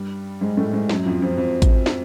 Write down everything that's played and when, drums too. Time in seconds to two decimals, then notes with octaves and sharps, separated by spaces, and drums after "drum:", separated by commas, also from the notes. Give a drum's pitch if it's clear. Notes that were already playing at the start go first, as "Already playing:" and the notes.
Already playing: G2 G3
0.41 G#2 G#3
0.57 A2 A3
0.73 G#2 G#3
0.89 F#2 F#3, drum: snare
1.06 F2 F3
1.22 F2 F3
1.37 F2 F3
1.62 drum: kick A1, hi-hat
1.86 drum: snare